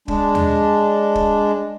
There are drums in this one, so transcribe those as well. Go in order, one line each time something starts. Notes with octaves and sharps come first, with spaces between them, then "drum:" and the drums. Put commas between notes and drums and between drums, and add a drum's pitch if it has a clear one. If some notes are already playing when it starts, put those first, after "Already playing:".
G#3 D4, drum: kick
drum: tom D#2
drum: kick